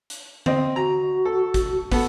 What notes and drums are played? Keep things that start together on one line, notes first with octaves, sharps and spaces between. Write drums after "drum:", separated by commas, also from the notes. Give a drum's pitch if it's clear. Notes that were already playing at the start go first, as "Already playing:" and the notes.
drum: hi-hat
C4 D#5, drum: tom D3
F#4 A#5
A4
drum: kick, hi-hat
B3 F#4 A4, drum: kick, open hi-hat